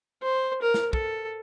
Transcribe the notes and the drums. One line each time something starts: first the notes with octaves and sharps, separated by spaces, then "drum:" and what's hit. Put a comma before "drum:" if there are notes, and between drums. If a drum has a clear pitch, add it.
C5
A#4
drum: snare
A4, drum: kick